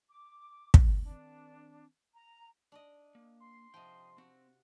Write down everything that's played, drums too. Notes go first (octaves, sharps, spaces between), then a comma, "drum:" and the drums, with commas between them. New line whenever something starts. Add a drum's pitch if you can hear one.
D6
drum: kick
D#3 C4 D4
A#5
D4 D5 D#5
A#3
C6
C3 F3 D#5 G5
C4 F#4